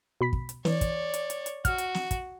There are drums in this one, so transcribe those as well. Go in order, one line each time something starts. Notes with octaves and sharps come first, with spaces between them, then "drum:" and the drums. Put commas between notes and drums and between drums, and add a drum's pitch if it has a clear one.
B2 B5 B6
drum: kick
drum: hi-hat
E3 C#5 D5, drum: snare
drum: kick, hi-hat
drum: hi-hat
drum: hi-hat
drum: hi-hat
F#4 F6, drum: kick, hi-hat
drum: hi-hat
drum: snare
drum: kick, hi-hat